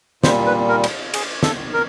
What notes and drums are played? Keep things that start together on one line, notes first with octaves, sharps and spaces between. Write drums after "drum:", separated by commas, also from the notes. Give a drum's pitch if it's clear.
A#2 G3 C5, drum: snare
B4
A#4
drum: cymbal
G#4, drum: cymbal
A4, drum: snare
A#4